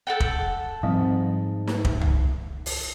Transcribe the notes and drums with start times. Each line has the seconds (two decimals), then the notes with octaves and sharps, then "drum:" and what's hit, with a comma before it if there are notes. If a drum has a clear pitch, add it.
0.07 A4 F#5 G5
0.20 drum: kick
0.83 G#2 F3 G3 C4
1.67 drum: snare
1.85 drum: kick
2.01 drum: tom C2
2.66 drum: open hi-hat